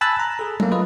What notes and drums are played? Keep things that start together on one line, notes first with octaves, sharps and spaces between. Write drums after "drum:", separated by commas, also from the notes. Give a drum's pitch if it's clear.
G#5 A5 B5 E6 F#6 A6
A#5
G#4 A4
A3 A#3, drum: tom F#3
F4 B4 D#5